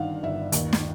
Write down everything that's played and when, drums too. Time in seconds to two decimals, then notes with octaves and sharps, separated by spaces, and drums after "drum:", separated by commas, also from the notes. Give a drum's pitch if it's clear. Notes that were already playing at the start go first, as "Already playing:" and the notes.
Already playing: G1 G2 D#3 F5 F#5
0.23 G1 E5
0.52 D#2, drum: hi-hat
0.73 drum: snare